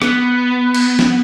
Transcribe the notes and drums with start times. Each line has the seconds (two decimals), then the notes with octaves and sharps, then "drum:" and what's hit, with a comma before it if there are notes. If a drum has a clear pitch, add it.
0.02 B3, drum: rim click
0.74 drum: cymbal
0.99 drum: snare